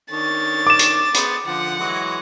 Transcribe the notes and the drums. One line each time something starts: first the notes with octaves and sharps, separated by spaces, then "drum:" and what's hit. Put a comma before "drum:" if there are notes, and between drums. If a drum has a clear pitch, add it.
D#3 D4 C#5 A6
D6 E7
drum: hi-hat
B3 G#4 C5, drum: hi-hat
D3 F3 F#5
E3 F#3 G#3